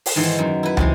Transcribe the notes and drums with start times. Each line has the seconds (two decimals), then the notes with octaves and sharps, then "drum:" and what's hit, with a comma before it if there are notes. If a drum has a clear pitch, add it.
0.06 drum: open hi-hat
0.16 G#2 D#3 E3 F#5 C6
0.39 F#2
0.63 E4 B4
0.77 C3 E3 G#3, drum: tom